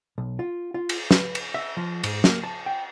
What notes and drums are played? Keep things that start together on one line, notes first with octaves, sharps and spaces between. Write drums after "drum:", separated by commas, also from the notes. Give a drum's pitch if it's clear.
B1
F4
F4
drum: cymbal
B4, drum: snare
drum: cymbal
E5
F3
G#2, drum: cymbal
A#3, drum: snare
A5
G5